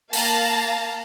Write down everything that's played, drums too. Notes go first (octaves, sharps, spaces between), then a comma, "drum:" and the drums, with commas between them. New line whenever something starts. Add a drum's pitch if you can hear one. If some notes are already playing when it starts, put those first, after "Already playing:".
A#3 F5 A5 A#5 A6, drum: open hi-hat